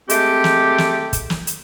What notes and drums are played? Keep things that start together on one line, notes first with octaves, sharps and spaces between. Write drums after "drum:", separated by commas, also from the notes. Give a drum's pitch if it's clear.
G#3 A3 C4 G4, drum: hi-hat
drum: snare
drum: snare
drum: kick, hi-hat
drum: snare
drum: hi-hat